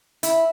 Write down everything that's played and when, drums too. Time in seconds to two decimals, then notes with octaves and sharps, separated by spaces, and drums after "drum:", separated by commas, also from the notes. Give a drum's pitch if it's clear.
0.23 E4, drum: hi-hat